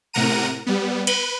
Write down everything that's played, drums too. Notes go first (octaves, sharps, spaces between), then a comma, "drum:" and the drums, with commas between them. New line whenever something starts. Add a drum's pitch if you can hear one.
A2 C3 A#4 F#5 A#5 D#7
G3 B3
B4, drum: cymbal